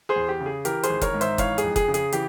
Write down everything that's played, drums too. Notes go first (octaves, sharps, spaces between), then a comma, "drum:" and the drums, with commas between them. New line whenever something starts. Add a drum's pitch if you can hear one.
G#4 C5
E2
G4
C#3
G#4
E3 G4 A#4, drum: hi-hat
G#4 C5, drum: hi-hat
G#1
A#4 C#5, drum: kick F#1, hi-hat
G#2
C5 E5, drum: hi-hat
E3 C#5 F5, drum: kick F#1, hi-hat
G#4, drum: hi-hat
F2
G#4, drum: kick F#1, hi-hat
C#3
G#4, drum: hi-hat
E3 G4, drum: hi-hat